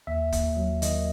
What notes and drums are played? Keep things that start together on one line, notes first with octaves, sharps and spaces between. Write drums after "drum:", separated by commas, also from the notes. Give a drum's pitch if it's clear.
D#2 E5
D#2, drum: kick, hi-hat
F#3
D#3 D#5, drum: hi-hat